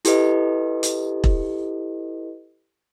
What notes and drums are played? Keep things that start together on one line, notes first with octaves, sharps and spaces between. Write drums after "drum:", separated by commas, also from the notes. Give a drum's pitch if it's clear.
E4 G4 A4 B4 D#5, drum: hi-hat
drum: hi-hat
drum: kick E1